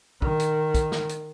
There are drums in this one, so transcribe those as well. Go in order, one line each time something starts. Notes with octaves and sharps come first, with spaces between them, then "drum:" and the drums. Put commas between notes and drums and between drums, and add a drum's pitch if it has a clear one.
D#3, drum: kick
drum: hi-hat
drum: kick, hi-hat
drum: snare
drum: hi-hat